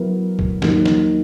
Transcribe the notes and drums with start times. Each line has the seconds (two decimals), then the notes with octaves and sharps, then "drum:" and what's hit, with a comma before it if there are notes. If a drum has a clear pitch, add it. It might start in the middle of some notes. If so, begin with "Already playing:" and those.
Already playing: F#3 B3 E4 A#4
0.39 drum: kick C2
0.62 D#2 D#3 F#3 A#3, drum: snare
0.86 drum: snare